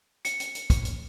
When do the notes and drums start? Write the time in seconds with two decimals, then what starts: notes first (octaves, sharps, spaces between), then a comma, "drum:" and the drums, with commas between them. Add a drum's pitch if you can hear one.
0.25 C#7, drum: hi-hat
0.40 drum: hi-hat
0.55 drum: hi-hat
0.70 drum: kick, hi-hat
0.85 drum: hi-hat